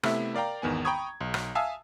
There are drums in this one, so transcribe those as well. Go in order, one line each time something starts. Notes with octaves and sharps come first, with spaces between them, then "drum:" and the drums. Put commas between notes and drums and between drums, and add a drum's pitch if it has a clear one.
C3 A3 B3 E4 E5, drum: rim click
A#4 D5 F5 G5 A#5
G#1 E2 D#3 B3 G#5
G5 A#5 B5 C#6 D#6 G#6
B1
drum: rim click
E5 F5 G#5 A5 D#6 E6